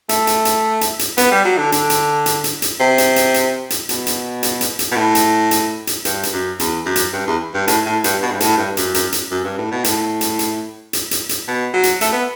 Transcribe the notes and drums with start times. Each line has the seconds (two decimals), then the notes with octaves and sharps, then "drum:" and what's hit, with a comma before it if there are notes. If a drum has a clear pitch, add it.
0.09 A3, drum: hi-hat
0.27 drum: hi-hat
0.45 drum: hi-hat
0.81 drum: hi-hat
0.99 drum: hi-hat
1.18 B3, drum: hi-hat
1.32 G3
1.45 F#3
1.58 D3
1.72 D3, drum: hi-hat
1.90 drum: hi-hat
2.26 drum: hi-hat
2.44 drum: hi-hat
2.62 drum: hi-hat
2.80 C3
2.98 drum: hi-hat
3.16 drum: hi-hat
3.34 drum: hi-hat
3.70 drum: hi-hat
3.89 B2, drum: hi-hat
4.07 drum: hi-hat
4.43 drum: hi-hat
4.61 drum: hi-hat
4.79 drum: hi-hat
4.92 B2
4.97 A2
5.15 drum: hi-hat
5.51 drum: hi-hat
5.87 drum: hi-hat
6.05 G2, drum: hi-hat
6.23 drum: hi-hat
6.33 F#2
6.60 E2, drum: hi-hat
6.86 F#2
6.96 drum: hi-hat
7.13 G2
7.27 E2
7.54 G2
7.68 A2, drum: hi-hat
7.86 A2
8.04 G2, drum: hi-hat
8.22 B2
8.31 G2
8.40 A2, drum: hi-hat
8.58 G2
8.77 F#2, drum: hi-hat
8.94 F#2, drum: hi-hat
9.12 drum: hi-hat
9.31 F#2
9.44 G2
9.58 A2
9.72 B2
9.84 A2, drum: hi-hat
10.21 drum: hi-hat
10.39 drum: hi-hat
10.93 drum: hi-hat
11.11 drum: hi-hat
11.29 drum: hi-hat
11.48 B2
11.74 F#3
11.83 drum: hi-hat
12.01 A3, drum: hi-hat
12.12 B3